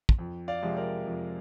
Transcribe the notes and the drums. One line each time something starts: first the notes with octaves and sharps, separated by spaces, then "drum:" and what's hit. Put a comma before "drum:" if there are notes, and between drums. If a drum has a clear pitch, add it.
drum: kick
F2
D5 F5
C3 F3 G#3
A#4 D5
F2